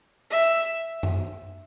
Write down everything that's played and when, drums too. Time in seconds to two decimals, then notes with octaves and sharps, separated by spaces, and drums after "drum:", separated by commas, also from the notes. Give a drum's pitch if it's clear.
0.31 E5
1.03 drum: tom F#2